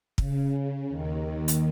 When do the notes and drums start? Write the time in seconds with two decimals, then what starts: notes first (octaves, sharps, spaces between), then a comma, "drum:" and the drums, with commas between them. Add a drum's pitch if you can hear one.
0.18 C#3, drum: kick
0.89 D#2 D#3
1.48 drum: hi-hat